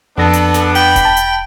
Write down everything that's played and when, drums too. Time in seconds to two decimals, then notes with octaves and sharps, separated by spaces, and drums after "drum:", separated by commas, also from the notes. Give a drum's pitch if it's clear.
0.18 F2 B3 D4 A4 A#6
0.33 drum: hi-hat
0.54 drum: snare
0.75 G5 B5, drum: open hi-hat
0.96 drum: kick E1, hi-hat
1.05 A5
1.17 drum: hi-hat